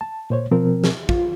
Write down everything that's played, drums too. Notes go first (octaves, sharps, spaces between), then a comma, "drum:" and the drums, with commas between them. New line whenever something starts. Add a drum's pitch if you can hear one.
A5
A#2 C5 C#5
B2 F3 C4 A#4
drum: snare
F4, drum: kick